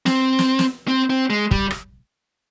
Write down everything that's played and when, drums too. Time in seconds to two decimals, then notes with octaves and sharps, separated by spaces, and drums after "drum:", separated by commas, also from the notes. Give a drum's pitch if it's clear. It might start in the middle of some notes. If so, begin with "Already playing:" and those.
0.06 C4, drum: snare
0.39 drum: snare
0.59 drum: snare
0.88 C4
1.10 C4
1.30 G#3
1.51 G3, drum: kick
1.71 drum: rim click